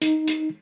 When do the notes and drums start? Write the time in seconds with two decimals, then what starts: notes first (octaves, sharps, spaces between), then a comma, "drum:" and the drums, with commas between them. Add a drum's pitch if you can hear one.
0.02 D#4, drum: hi-hat
0.28 drum: hi-hat